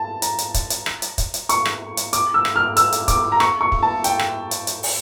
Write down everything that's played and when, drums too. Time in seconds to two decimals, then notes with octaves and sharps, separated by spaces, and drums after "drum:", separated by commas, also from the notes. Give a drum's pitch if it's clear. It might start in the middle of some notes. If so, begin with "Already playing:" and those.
Already playing: A5
0.22 A#5, drum: hi-hat
0.38 drum: hi-hat
0.54 drum: kick, hi-hat
0.70 drum: hi-hat
0.86 drum: rim click
1.02 drum: hi-hat
1.18 drum: kick, hi-hat
1.34 drum: hi-hat
1.49 C#6, drum: hi-hat
1.65 drum: rim click
1.97 drum: hi-hat
2.13 D6, drum: hi-hat
2.34 E6
2.45 drum: rim click
2.56 F6
2.77 E6, drum: hi-hat
2.92 drum: hi-hat
3.08 D6, drum: kick, hi-hat
3.32 A#5
3.40 C#6, drum: rim click
3.61 C#6
3.72 drum: kick
3.83 A5
4.04 G5, drum: hi-hat
4.19 drum: rim click
4.51 drum: hi-hat
4.67 drum: hi-hat
4.83 drum: open hi-hat